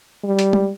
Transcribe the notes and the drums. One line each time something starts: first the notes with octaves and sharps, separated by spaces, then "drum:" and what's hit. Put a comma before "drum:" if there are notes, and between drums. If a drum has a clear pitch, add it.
G3
drum: hi-hat
drum: tom